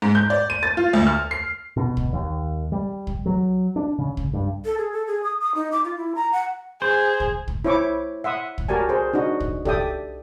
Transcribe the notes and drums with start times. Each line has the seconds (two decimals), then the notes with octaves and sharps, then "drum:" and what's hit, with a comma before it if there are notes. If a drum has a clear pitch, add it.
0.02 G#2
0.15 G6
0.30 D5
0.50 D#7
0.63 A6
0.77 F4
0.93 D2
1.07 F6
1.31 C7
1.77 B2
1.97 drum: kick
2.13 D#2
2.72 G3
3.07 drum: kick
3.26 F#3
3.76 D4
3.99 C#3
4.17 drum: kick
4.33 G2
4.65 A4
4.78 G#4
4.92 A4
5.07 G#4
5.23 D#6
5.41 D#6
5.55 D#4
5.71 D6
5.84 F4
5.96 E4
6.15 A#5
6.32 F#5
6.82 G#4 C5
7.20 drum: kick
7.48 drum: kick
7.65 E4 C5 C#5 E5 C#6 D6
8.24 E5 F#5 C6 D#6
8.58 drum: kick
8.68 F#4 G4 A#4 D5 G#5 A5
8.89 G#4 C5
9.13 D4 D#4 F#4 D#5
9.40 drum: kick
9.65 G4 A4 D5 E5 G5 D#6, drum: kick